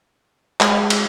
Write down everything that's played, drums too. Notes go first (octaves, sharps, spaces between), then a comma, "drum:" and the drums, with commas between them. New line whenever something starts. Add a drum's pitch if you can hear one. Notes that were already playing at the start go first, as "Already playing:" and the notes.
G#3, drum: clap
drum: cymbal